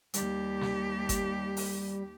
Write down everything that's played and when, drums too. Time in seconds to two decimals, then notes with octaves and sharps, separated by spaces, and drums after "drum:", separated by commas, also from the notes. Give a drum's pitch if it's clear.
0.14 D#2 G3 G4, drum: hi-hat
0.61 drum: snare
1.09 drum: kick G1, hi-hat
1.57 drum: open hi-hat